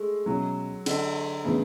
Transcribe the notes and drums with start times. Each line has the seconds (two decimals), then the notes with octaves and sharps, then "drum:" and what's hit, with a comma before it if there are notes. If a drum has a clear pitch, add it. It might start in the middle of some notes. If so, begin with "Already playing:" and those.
Already playing: G#3 A3
0.26 B2 F#3 G#3 C#4 E4
0.86 D3, drum: cymbal
1.44 A2 C#3 E3 B3 D4